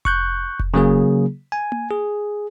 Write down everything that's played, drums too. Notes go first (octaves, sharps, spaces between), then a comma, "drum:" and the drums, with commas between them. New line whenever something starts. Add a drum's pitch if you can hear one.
C#6 F#6 G6, drum: kick F1
drum: kick F1
C#3 F#3 A#3 G#4
G#5
drum: tom A#3
G#4